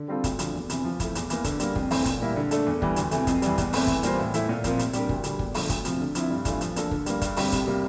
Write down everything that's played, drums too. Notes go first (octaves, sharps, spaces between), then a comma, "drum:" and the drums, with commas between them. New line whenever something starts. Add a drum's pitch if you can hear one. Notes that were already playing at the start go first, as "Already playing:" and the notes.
Already playing: D3
G3 C4 F4 A4
D2, drum: kick, hi-hat
D3 F3, drum: hi-hat
E2
C3 E3, drum: hi-hat
F3
A3 E4, drum: kick, hi-hat
E2, drum: hi-hat
E3 A#3, drum: hi-hat
D3, drum: kick, hi-hat
G3 A#3, drum: hi-hat
F2, drum: kick
E3 A3 C4, drum: open hi-hat
A#2, drum: kick, hi-hat
G3 A#3 E4
D3
A3 D4 A4, drum: hi-hat
E2
E3 G3, drum: kick
D2, drum: hi-hat
C3 E3 A3, drum: hi-hat
F2, drum: kick, hi-hat
E3 G3, drum: hi-hat
E2, drum: kick, hi-hat
E3 A3 C4 E4, drum: open hi-hat
E3, drum: kick
G3 A#3 F4 C5, drum: hi-hat
A2
E3 A3 E4, drum: hi-hat
A#2
F3 C4 F4 A#4, drum: kick, hi-hat
C3, drum: hi-hat
G3 D4 G4 A#4, drum: hi-hat
D2, drum: kick
D3 G3, drum: hi-hat
E2, drum: kick
D3 F3 A3, drum: open hi-hat
D2, drum: kick, hi-hat
C3 F3, drum: hi-hat
D3
F3 C4 E4, drum: hi-hat
G2
E3 A3 D4 F4, drum: kick, hi-hat
F3, drum: hi-hat
A#3 D4 A4, drum: hi-hat
D3, drum: kick
G3 A#3, drum: hi-hat
G2, drum: kick, hi-hat
D3 G3 C4 G4, drum: open hi-hat
C2, drum: kick, hi-hat
C3 G3 A#3